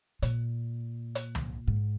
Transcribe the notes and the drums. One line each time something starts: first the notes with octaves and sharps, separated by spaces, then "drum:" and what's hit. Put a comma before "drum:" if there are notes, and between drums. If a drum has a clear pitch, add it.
A#2, drum: hi-hat
drum: hi-hat
drum: tom
G#2